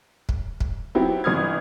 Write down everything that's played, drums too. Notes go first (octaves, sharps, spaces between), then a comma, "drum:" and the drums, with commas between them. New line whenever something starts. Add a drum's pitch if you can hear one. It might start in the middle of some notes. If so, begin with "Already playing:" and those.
drum: kick
drum: kick
F#3 B3 C4 E4 F#4 G4
G1 E3 D#6 F6 G#6